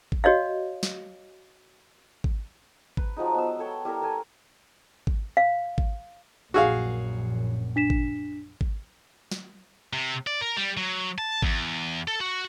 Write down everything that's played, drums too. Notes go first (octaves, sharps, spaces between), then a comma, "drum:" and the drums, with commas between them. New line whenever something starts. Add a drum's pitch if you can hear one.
drum: kick G#1
F#4 C#5 D#5 F5
drum: snare
drum: kick G#1
B4, drum: kick G#1
F3 F#3 G#3 D#4
B3 E6
A4 C#5 G5
G3 E4 A4 A#4
A4 A#4 G#5
drum: kick G#1
F5
drum: kick G#1
A#1 F#2 F#4 G#4 F5
D4 B6 E7
drum: kick G#1
drum: kick G#1
drum: snare
C3
D5
A#4
G3
F#3
A5
E2, drum: kick G#1
A4
F#4